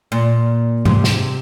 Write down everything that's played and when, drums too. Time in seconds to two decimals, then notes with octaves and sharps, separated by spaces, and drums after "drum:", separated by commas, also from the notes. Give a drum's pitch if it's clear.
0.12 A#2
0.85 C3, drum: tom G#2
1.04 drum: snare